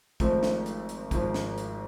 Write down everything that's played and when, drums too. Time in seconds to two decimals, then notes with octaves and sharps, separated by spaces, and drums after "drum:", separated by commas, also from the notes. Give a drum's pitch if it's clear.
0.20 G#1 G#2 F3 A3 C4, drum: kick, hi-hat
0.43 drum: snare
0.66 drum: hi-hat
0.89 drum: hi-hat
1.11 G#1 G#2 F3, drum: kick, hi-hat
1.34 drum: snare
1.57 drum: hi-hat